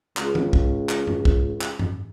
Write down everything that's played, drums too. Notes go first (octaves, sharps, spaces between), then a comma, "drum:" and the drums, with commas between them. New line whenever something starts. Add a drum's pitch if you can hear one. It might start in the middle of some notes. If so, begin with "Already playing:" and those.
C#2 C#4 G#4, drum: clap
drum: tom D#3
drum: kick
drum: clap
drum: tom F#2
drum: kick
drum: clap
drum: tom F#2